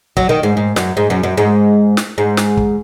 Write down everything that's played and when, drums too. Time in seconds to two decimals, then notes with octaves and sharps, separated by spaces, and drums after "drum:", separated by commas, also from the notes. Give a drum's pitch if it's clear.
0.17 F#3, drum: kick
0.29 D#3
0.43 G#2
0.57 G#2
0.76 F#2, drum: snare
0.97 G#2
1.10 F#2
1.23 F#2
1.37 G#2
1.97 drum: snare
2.18 G#2
2.37 drum: snare
2.57 drum: kick